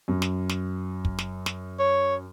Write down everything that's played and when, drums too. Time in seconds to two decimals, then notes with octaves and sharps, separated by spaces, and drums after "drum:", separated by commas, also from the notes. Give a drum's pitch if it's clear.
0.08 F#2
0.22 drum: snare
0.49 drum: snare
1.05 drum: kick
1.19 drum: snare
1.46 drum: snare
1.79 C#5